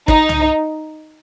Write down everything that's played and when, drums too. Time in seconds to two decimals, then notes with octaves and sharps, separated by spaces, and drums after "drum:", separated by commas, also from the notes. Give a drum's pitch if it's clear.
0.08 D#4, drum: kick
0.29 drum: tom C2